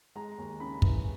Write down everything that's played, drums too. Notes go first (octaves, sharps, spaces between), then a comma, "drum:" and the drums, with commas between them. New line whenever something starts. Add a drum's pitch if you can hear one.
G#3 A#5
D#2
C#3 B5
E3, drum: kick